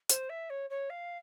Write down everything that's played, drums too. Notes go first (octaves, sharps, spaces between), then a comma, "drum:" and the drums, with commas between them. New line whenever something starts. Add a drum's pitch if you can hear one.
C5, drum: hi-hat
E5
C#5
C#5
F5